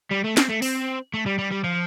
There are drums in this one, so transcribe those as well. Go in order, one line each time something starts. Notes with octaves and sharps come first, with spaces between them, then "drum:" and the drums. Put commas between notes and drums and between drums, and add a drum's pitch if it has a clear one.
G3
A3
C4, drum: snare
A3
C4, drum: open hi-hat
A3
G3
G3
G3
F3